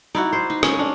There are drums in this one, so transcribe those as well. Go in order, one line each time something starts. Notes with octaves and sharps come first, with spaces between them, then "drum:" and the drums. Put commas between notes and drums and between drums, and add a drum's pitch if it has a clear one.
D#4 E4 F#4 D5
C5
D#4
C#4, drum: rim click
D4